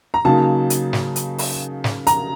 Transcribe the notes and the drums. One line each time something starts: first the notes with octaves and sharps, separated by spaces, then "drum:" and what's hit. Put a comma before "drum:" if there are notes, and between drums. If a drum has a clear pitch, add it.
A#5
C#3 F#3 A#3 D#4 A5
drum: hi-hat
drum: snare
drum: hi-hat
drum: open hi-hat
drum: snare
A#5, drum: hi-hat